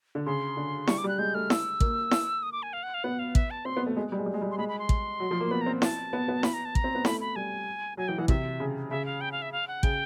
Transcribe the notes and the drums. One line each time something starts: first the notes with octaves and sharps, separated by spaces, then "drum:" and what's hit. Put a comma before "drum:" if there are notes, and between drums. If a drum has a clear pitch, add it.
D3
C#3 C6
D3
G3 C#6, drum: snare E4
D6
G3
F#6
G#3 G6
A3 F6
E6, drum: snare E4
A#3, drum: kick
drum: snare E4
D#6
D6
G#5
F5
F#5
F5
B3 F#5
F5
E5, drum: kick
A5
C4 C6
B3
A3
G#3
G3
G#3
G3
G#3
G3
C6
G#3 B5
B5
C6
drum: kick
F#3
F3
A#3
B3 B5
A#5
C4
A5, drum: snare E4
B3
B3
B5, drum: snare E4
A#5
A5
A#5, drum: kick
C4
B3
A3 B5, drum: snare E4
B5
G3 G#5
F#3 G#5
E3 G5
E3 F#5
C3 E5, drum: kick
C#3
C#3 E5
F5
G5
F5
E5
F5
F#5
C#3 G5, drum: kick